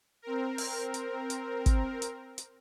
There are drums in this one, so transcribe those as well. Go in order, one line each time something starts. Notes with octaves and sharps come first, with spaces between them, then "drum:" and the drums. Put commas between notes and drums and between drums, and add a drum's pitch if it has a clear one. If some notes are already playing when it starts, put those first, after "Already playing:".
C4 A#4
drum: open hi-hat
drum: hi-hat
drum: hi-hat
drum: kick, hi-hat
drum: hi-hat
drum: hi-hat